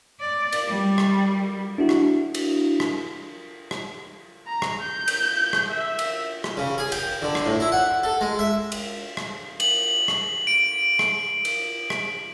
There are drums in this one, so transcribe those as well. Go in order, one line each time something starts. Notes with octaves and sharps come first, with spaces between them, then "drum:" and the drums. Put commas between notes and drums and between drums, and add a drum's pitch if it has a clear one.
D5
drum: cymbal
G3
drum: rim click
D4 E4 F#4
drum: rim click
drum: cymbal
drum: rim click
drum: rim click
A#5
drum: rim click
G6
drum: cymbal
drum: rim click
E5
drum: cymbal
drum: rim click
C#3
G#4
G5, drum: cymbal
D3
drum: rim click
A2
E4
F#5
A4
G#3
E5
drum: cymbal
drum: rim click
F#7, drum: cymbal
drum: rim click
D7
drum: rim click
drum: cymbal
drum: rim click